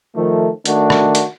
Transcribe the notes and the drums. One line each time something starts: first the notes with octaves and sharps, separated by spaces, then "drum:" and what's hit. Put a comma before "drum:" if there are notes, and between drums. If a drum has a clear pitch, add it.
D#3 F3 A3
D#3 A3 D4 F#4, drum: hi-hat
drum: rim click
drum: hi-hat